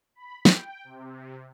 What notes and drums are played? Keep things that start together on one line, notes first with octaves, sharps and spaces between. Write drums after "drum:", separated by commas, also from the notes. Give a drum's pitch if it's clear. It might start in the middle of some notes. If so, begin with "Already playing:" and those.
B5
G5, drum: snare
C3